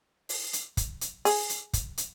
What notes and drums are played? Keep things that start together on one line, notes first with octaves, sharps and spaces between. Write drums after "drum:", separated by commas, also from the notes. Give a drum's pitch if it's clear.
drum: open hi-hat
drum: hi-hat
drum: kick, hi-hat
drum: hi-hat
G#4, drum: open hi-hat
drum: hi-hat
drum: kick, hi-hat
drum: hi-hat